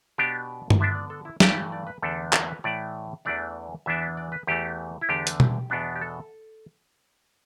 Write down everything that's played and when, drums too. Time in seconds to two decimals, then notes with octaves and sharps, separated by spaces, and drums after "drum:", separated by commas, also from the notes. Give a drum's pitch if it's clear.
0.18 B2 B3 D4 G4
0.70 drum: tom G2
0.80 D3 B3 D4 E5
0.95 D5
1.10 A4
1.25 E4
1.40 G2 E3 A3 G4, drum: snare
1.72 D5
1.87 B4
2.02 E2 D3 A3 D4 A4
2.33 D5, drum: clap
2.48 B4
2.64 A2 E3 A3 D5
3.25 E2 E3 A3 D4 D5
3.86 E2 E3 B3 D4 E5
4.17 D5
4.32 B4
4.47 E2 E3 A3 G4
5.01 E4
5.09 E2 D3 A3 D4 G4
5.27 drum: hi-hat
5.40 G4, drum: tom B2
5.70 E2 B2 B3 D4
5.95 G4
6.01 A4